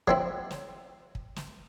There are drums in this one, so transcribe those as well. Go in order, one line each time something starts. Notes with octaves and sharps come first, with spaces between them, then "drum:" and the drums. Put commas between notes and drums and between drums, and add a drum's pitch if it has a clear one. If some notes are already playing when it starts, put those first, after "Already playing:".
F#3 C4 E4, drum: kick
drum: snare
drum: kick
drum: snare